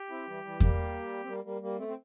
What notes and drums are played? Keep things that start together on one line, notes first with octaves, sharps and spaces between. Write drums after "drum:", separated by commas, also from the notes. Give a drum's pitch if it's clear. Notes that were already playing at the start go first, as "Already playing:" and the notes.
Already playing: G4
C4 E4
E3 G3
E3 G3
G3 A#3, drum: kick E2
C4
G3 A#3
G3 A#3
G3 A#3
A3 C4
C4